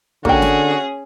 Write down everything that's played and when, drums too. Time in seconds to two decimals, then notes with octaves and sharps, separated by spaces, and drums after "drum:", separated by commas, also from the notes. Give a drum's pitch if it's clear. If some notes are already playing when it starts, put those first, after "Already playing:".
0.25 D3 A#3 C#4 F#4 G#4 G5, drum: kick
0.42 drum: snare